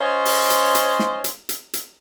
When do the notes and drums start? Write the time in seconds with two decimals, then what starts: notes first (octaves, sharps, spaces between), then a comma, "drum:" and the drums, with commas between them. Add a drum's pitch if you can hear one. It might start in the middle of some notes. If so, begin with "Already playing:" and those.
0.01 C#4 F4 C5 C#5 D#5
0.25 drum: open hi-hat
0.50 drum: hi-hat
0.75 drum: hi-hat
0.99 drum: snare
1.24 drum: hi-hat
1.49 drum: hi-hat
1.73 drum: hi-hat